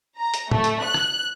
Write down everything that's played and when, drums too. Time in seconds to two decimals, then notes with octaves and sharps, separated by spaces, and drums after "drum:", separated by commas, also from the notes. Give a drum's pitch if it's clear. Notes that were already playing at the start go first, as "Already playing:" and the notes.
0.18 A#5
0.34 drum: hi-hat
0.51 A3, drum: tom
0.64 drum: hi-hat
0.83 F#6
0.94 drum: rim click